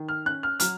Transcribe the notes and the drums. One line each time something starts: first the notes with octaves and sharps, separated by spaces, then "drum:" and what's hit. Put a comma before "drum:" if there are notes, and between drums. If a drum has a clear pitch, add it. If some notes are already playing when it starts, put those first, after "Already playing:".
Already playing: D#3
F6
C#4 F#6
F6
F#3 F6, drum: hi-hat